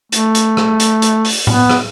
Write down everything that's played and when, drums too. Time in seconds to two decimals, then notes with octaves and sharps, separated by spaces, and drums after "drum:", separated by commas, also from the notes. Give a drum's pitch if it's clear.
0.12 A3, drum: hi-hat
0.35 drum: hi-hat
0.57 drum: rim click
0.80 drum: hi-hat
1.02 drum: hi-hat
1.25 drum: open hi-hat
1.47 B3, drum: tom A2
1.69 drum: rim click